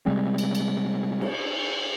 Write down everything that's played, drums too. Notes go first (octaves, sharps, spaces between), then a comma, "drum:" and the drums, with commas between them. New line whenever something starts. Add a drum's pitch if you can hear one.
C3 G3 G#3 C4
drum: cymbal
drum: cymbal
drum: cymbal